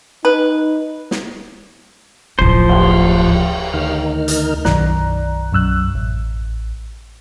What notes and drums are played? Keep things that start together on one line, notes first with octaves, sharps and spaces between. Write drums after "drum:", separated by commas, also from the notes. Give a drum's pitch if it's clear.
D#4 B4
drum: snare
D1 A1 F3 C5
drum: cymbal
D2 D#3 D#4 F6
drum: hi-hat
B1 F#2 D#3 D5 A#5 F#6, drum: snare
B1 F#2 E6 F#6
A1